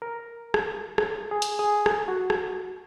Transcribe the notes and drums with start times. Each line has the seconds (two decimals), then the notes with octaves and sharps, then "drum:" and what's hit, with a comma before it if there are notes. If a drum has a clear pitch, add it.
0.02 A#4
0.54 drum: rim click
0.98 drum: rim click
1.31 G#4
1.42 drum: hi-hat
1.59 G#4
1.86 drum: rim click
2.08 F#4
2.30 drum: rim click